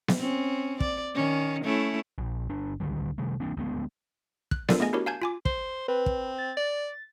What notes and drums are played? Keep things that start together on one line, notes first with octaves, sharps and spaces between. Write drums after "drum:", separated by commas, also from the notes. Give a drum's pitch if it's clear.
drum: snare B3
C4 C#4
D5, drum: kick
D#3 C#4
A3 C#4 E4
A#1
G1 D4
C#2 D3 D#3 G3
C3 D#3 G3 A3
E3 A#3 C4 D4
D2 G#3 B3
F#6, drum: kick
D4 F4 A4 A#4 D5, drum: snare B3
A3 B3 G#4 D#5 G#5
D4 E4 F#4 G4 A#4 C#5
F5 G#5 A5 G6 G#6
F4 G#5 D6
C5, drum: kick
C4 B4
drum: kick
A6
D5